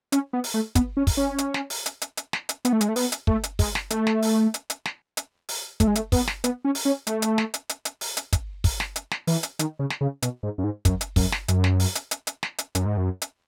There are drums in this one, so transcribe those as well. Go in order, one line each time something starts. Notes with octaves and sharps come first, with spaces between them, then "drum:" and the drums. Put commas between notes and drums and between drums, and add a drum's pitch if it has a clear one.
C#4, drum: hi-hat
B3
drum: open hi-hat
A3
B3, drum: kick, hi-hat
C#4
drum: kick, open hi-hat
C#4
drum: hi-hat
drum: snare
drum: open hi-hat
drum: hi-hat
drum: hi-hat
drum: hi-hat
drum: snare
drum: hi-hat
B3, drum: hi-hat
A3
G#3, drum: hi-hat
A3
B3, drum: open hi-hat
drum: hi-hat
A3, drum: kick
drum: hi-hat
G#3, drum: kick, open hi-hat
drum: snare
A3, drum: hi-hat
drum: snare
drum: open hi-hat
drum: hi-hat
drum: hi-hat
drum: snare
drum: hi-hat
drum: open hi-hat
A3, drum: kick, hi-hat
G#3
A3, drum: hi-hat
B3, drum: kick, open hi-hat
drum: snare
B3, drum: hi-hat
C#4
drum: open hi-hat
C#4
A3, drum: hi-hat
drum: hi-hat
drum: snare
drum: hi-hat
drum: hi-hat
drum: hi-hat
drum: open hi-hat
drum: hi-hat
drum: kick, hi-hat
drum: kick, open hi-hat
drum: snare
drum: hi-hat
drum: snare
E3, drum: open hi-hat
drum: hi-hat
D#3, drum: hi-hat
C#3
drum: snare
C#3
B2, drum: hi-hat
G#2
F#2
G#2
F#2, drum: kick, hi-hat
drum: hi-hat
F#2, drum: kick, open hi-hat
drum: snare
F#2, drum: hi-hat
drum: snare
drum: open hi-hat
drum: hi-hat
drum: hi-hat
drum: hi-hat
drum: snare
drum: hi-hat
F#2, drum: hi-hat
G#2
F#2
drum: hi-hat